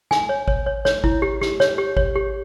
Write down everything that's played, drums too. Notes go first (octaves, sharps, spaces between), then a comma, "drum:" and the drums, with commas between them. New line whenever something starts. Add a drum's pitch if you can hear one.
G#5, drum: snare
C#5
C#5, drum: kick G#1
C#5
C#5, drum: snare
E4, drum: kick G#1
G4
G4, drum: snare
C#5, drum: snare
G4
C#5, drum: kick G#1
G4